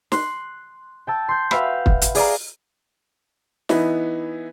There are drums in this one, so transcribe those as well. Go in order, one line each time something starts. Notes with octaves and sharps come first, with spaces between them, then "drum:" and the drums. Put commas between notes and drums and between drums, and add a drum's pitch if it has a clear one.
C6 F#6, drum: snare
G5 A5 E6
C6 G6
F#4 B4 E5 F5 G5 B5, drum: rim click
drum: kick
drum: hi-hat
G#4 D5 F5 A#5, drum: open hi-hat
E3 B3 D#4 E4, drum: snare